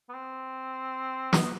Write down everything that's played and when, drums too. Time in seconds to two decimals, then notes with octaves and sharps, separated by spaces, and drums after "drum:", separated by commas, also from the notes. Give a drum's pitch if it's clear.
0.09 B3
0.14 C4
1.33 B3, drum: snare